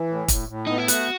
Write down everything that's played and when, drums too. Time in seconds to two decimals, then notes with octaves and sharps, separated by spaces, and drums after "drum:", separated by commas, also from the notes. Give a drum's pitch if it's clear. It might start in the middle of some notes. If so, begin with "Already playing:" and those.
Already playing: E3
0.08 A2
0.28 A2, drum: kick, hi-hat
0.49 A2
0.67 B3 D#4
0.78 E4
0.88 A3 F#4, drum: hi-hat